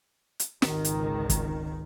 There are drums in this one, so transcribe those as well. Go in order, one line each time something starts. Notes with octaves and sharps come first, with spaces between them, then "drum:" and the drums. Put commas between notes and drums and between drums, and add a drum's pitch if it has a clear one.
drum: hi-hat
G#1 C#2 D#3, drum: snare
drum: hi-hat
drum: kick, hi-hat